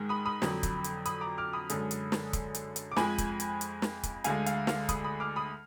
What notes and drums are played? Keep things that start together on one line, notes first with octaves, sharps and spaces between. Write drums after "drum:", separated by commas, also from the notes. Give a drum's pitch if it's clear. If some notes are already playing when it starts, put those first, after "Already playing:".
Already playing: G#2 D#3 G#3
B5 D#6
B5 D#6
F2 D3 F#3, drum: snare
drum: kick, hi-hat
drum: hi-hat
B5 D#6, drum: hi-hat
A#5 D6
D6 F6
B5 D#6
F#2 D3 G#3, drum: hi-hat
drum: hi-hat
drum: snare
drum: kick, hi-hat
drum: hi-hat
drum: hi-hat
D6
F2 F3 G#3 G#5 B5, drum: snare
drum: kick, hi-hat
drum: hi-hat
drum: hi-hat
drum: snare
drum: kick, hi-hat
D2 D3 G#3 F5 G#5, drum: hi-hat
F5, drum: hi-hat
F5, drum: snare
B5 D#6, drum: kick, hi-hat
B5 D#6
D6 F6
B5 D#6